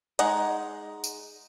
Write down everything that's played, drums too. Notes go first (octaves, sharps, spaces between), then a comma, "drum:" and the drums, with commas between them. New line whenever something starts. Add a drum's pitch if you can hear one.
G#3 D#4 G#4 F#5 A#5, drum: hi-hat
drum: tambourine